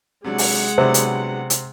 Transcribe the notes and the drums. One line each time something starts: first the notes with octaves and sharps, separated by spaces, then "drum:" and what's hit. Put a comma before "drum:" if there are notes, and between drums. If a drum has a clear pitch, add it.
C3 F#3 G#3 D4 F#5
drum: open hi-hat
C3 F#3 B3 D4 C5
drum: hi-hat
drum: hi-hat